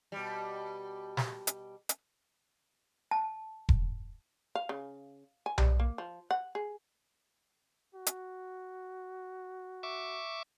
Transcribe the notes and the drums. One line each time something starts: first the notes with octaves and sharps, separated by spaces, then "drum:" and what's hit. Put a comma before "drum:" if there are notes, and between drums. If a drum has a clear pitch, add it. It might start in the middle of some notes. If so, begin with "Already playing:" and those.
B2 G3
drum: snare
drum: hi-hat
drum: hi-hat
A5
drum: kick E1
F5
C#3
G#5
G3, drum: tom B1
A#3
F3
F#5
G#4
F#4
drum: hi-hat
E5 C#6 D6